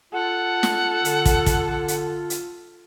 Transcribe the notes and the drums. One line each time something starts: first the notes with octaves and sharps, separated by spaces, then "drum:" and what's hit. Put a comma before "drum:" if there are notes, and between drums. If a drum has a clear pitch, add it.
F4 A4 F#5
drum: snare
D3, drum: hi-hat
drum: kick, hi-hat
drum: kick, hi-hat
drum: hi-hat
drum: hi-hat